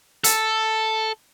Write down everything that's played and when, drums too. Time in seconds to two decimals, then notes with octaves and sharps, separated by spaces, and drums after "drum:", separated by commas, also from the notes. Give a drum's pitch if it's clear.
0.24 A4, drum: hi-hat